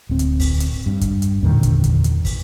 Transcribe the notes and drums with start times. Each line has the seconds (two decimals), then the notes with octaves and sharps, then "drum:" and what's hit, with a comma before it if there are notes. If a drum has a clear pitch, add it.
0.09 D1 C4
0.19 drum: hi-hat
0.40 drum: kick, open hi-hat
0.60 drum: hi-hat
0.86 G2
1.01 drum: kick, hi-hat
1.22 drum: hi-hat
1.43 E2 A#2 D3 D#3
1.63 drum: kick, hi-hat
1.84 drum: kick, hi-hat
2.04 drum: hi-hat
2.25 drum: kick, open hi-hat